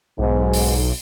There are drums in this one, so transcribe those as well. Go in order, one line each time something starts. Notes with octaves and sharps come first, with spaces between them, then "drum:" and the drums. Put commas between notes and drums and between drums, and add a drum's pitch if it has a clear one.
B1 G#2
drum: open hi-hat